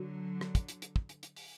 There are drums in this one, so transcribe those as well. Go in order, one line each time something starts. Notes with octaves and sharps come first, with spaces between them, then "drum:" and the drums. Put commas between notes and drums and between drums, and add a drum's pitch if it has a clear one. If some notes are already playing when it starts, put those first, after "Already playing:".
Already playing: D3 F#3 F#4
drum: rim click
drum: kick, hi-hat
drum: hi-hat
drum: hi-hat
drum: kick
drum: hi-hat
drum: hi-hat
drum: open hi-hat